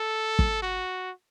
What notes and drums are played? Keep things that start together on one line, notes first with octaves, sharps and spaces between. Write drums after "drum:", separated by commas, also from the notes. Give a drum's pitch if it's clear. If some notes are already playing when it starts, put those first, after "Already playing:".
Already playing: A4
drum: kick
F#4